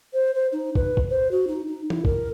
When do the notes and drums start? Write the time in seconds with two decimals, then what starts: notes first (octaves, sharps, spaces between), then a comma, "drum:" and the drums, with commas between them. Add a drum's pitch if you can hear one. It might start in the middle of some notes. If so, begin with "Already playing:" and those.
0.13 C5
0.35 C5
0.52 D#4
0.75 B4, drum: kick
0.97 drum: kick
1.10 C5
1.31 F#4
1.47 D#4
1.67 D#4
1.90 E4, drum: tom E3
2.05 A#4, drum: kick